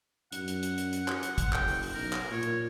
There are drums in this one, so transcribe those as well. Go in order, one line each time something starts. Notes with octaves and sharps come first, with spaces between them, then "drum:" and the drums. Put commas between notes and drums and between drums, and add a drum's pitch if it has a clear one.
F#2 F#5, drum: hi-hat
drum: hi-hat
drum: hi-hat
drum: hi-hat
drum: hi-hat
drum: clap
drum: hi-hat
drum: kick, hi-hat
F#1 G5, drum: clap
drum: open hi-hat
drum: open hi-hat
B1 A#4
drum: clap
A#2 C#5
drum: hi-hat